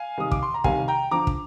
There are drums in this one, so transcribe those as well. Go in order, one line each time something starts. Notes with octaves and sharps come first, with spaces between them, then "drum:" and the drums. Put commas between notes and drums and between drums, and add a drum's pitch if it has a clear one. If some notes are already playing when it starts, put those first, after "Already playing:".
Already playing: F5 G#5
C3 D#3 G3 D#6
D6, drum: kick
C6
A#5
C3 D#3 G3 F5 G#5, drum: kick
G5 A#5
D3 F3 A#5 D6
drum: kick